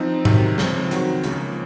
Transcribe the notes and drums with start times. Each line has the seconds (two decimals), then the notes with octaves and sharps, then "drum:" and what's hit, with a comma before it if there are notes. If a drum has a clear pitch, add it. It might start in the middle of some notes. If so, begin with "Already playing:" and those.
Already playing: F3 C4 D#4
0.25 C3 D#3 F#3, drum: tom G#2
0.58 C#2 C#3 F3 C4, drum: snare
0.91 D#3 F#3 C4 F#4, drum: hi-hat
1.24 C#2 C#3 F3 A#3, drum: hi-hat